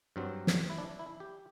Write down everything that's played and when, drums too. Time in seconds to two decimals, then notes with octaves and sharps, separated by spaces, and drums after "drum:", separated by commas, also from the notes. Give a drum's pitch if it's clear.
0.16 G2 F#3 C4
0.47 drum: snare
0.70 E4
0.78 D4
0.99 E4
1.20 G4